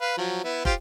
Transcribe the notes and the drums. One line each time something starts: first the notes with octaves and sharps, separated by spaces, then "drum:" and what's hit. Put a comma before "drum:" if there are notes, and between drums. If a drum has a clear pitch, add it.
B4 F5
F3 F#3
B3 E4
F4 G4 C5, drum: kick